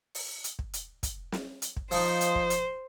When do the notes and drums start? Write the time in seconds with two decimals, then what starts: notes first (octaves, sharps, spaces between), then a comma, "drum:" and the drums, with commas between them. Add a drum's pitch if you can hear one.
0.15 drum: open hi-hat
0.44 drum: hi-hat
0.59 drum: kick
0.73 drum: hi-hat
1.03 drum: kick, hi-hat
1.32 drum: snare
1.62 drum: hi-hat
1.77 drum: kick
1.91 F3 D#4 C5, drum: open hi-hat
2.21 drum: hi-hat
2.35 drum: kick
2.50 drum: hi-hat